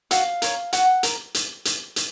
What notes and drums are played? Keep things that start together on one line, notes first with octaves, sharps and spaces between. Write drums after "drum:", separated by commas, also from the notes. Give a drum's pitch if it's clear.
F#4 F5, drum: hi-hat
A#4 C#5, drum: hi-hat
F#4 F#5, drum: hi-hat
A#4, drum: hi-hat
drum: hi-hat
drum: hi-hat
drum: hi-hat